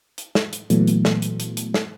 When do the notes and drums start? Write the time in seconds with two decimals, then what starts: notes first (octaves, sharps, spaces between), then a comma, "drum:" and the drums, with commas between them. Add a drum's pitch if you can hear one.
0.18 drum: hi-hat
0.35 drum: snare
0.53 drum: hi-hat
0.70 A#2 E3 F#3 A3 B3, drum: hi-hat
0.87 drum: hi-hat
1.05 drum: snare
1.22 drum: hi-hat
1.40 drum: hi-hat
1.57 drum: hi-hat
1.74 drum: snare